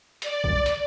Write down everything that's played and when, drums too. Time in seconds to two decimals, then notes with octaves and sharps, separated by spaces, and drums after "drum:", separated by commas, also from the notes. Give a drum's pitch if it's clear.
0.22 D5, drum: hi-hat
0.44 drum: kick A#1
0.66 drum: hi-hat